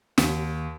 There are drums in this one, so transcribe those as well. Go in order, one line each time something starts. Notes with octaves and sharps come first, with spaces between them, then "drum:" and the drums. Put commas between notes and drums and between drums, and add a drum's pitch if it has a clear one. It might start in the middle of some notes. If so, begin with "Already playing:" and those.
D#2, drum: snare